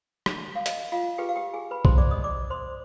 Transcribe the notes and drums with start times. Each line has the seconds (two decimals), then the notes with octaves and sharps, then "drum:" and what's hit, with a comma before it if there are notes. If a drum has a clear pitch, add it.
0.26 drum: rim click
0.55 F5
0.66 D#5, drum: hi-hat
0.92 F4 F5
1.18 F4 G4 G#4 B4 G5
1.29 F5
1.36 G4 G5
1.54 G#4 G#5
1.71 B4 B5
1.85 C5 C6, drum: kick B1
1.98 D5 D6
2.11 D#5 D#6
2.24 D5 D6
2.50 C5 C6